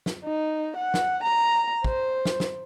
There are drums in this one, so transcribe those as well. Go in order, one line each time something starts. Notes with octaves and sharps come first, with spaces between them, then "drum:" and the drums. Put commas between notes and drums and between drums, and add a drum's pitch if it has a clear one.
drum: snare
D#4
F#5
drum: snare
A#5
C5, drum: kick
drum: snare
drum: snare